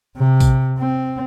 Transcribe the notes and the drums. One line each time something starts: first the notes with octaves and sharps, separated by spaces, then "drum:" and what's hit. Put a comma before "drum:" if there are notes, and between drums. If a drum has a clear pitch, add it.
C3
drum: kick A#1, tambourine
C4